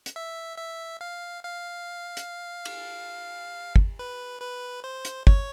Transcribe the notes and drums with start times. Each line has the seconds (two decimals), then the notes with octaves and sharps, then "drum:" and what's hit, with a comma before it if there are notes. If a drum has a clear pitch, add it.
0.06 drum: hi-hat
0.16 E5
0.58 E5
1.01 F5
1.44 F5
2.17 drum: hi-hat
2.65 drum: cymbal
3.76 drum: kick
3.99 B4
4.42 B4
4.84 C5
5.05 drum: hi-hat
5.27 C#5, drum: kick